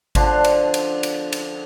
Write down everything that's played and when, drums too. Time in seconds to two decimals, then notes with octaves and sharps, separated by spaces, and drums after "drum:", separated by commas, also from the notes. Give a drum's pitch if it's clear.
0.15 D3 F3 D4 C6, drum: kick G#1, cymbal
0.44 drum: cymbal
0.74 drum: cymbal
1.03 drum: cymbal
1.32 drum: cymbal